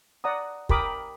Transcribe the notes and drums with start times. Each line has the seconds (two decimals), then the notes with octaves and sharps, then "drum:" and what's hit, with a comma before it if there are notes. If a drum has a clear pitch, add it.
0.24 D5 F#5 A#5 D#6
0.69 G4 A#4 B5 D6 D#6, drum: kick